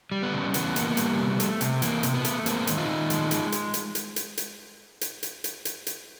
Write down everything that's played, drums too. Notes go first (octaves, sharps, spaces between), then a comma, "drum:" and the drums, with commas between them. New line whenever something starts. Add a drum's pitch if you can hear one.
G3
B3
C#3
E3 B3, drum: hi-hat
A#3, drum: hi-hat
G3, drum: hi-hat
C3
A3, drum: hi-hat
C3, drum: hi-hat
E3 A#3, drum: hi-hat
C3, drum: hi-hat
B3
A3, drum: hi-hat
G#3 A#3 C4, drum: hi-hat
D#3, drum: hi-hat
D#4 F4
D#3
G#3, drum: hi-hat
G#3, drum: hi-hat
drum: hi-hat
drum: hi-hat
drum: hi-hat
drum: hi-hat
drum: hi-hat
drum: hi-hat
drum: hi-hat
drum: hi-hat
drum: hi-hat
drum: hi-hat